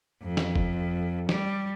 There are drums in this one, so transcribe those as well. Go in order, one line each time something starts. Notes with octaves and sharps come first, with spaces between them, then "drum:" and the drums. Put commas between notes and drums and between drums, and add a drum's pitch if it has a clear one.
F2
drum: snare
drum: kick F#1
G3, drum: snare